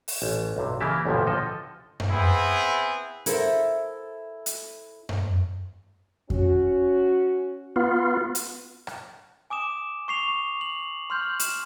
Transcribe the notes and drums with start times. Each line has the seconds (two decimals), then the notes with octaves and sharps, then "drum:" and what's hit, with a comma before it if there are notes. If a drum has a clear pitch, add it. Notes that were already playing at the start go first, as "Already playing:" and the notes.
0.08 drum: open hi-hat
0.22 A1
0.56 B1 G2 C3
0.80 C#3 E3 A#3 E4 G4 A5
1.05 A1 D2 G2 A#2 F3
1.27 D3 F3 A4 D#5
2.00 drum: tom F#2
2.10 B3 C4 E4 G#4
3.26 E4 A4 A#4 C5 E5 F#5, drum: hi-hat
4.46 drum: hi-hat
5.09 drum: tom F#2
6.30 C#4 F#4, drum: kick F2
7.76 B3 F4
8.35 drum: hi-hat
8.87 drum: rim click
9.50 G#5 D6 D#6 E7
10.08 C#6 C7 F7
10.28 C#6
10.61 F#7
11.10 C6 F6 G6
11.40 E7, drum: hi-hat